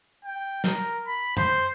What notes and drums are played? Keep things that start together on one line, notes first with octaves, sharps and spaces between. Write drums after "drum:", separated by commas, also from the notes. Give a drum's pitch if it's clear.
G5
A#4, drum: snare
B5
C5, drum: tom F#2